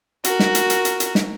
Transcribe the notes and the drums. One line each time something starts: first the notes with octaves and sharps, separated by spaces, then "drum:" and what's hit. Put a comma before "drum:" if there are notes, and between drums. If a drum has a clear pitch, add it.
F#4 A#4, drum: hi-hat
drum: snare
drum: hi-hat
drum: hi-hat
drum: hi-hat
drum: hi-hat
drum: snare